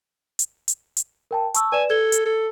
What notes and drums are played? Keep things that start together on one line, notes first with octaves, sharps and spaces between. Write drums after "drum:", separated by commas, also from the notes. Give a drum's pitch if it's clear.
drum: hi-hat
drum: hi-hat
drum: hi-hat
A#4 G5 A5
A5 C#6 E6, drum: hi-hat
B4 D5 G#5 E7
A4 G#6 G7
drum: hi-hat
A4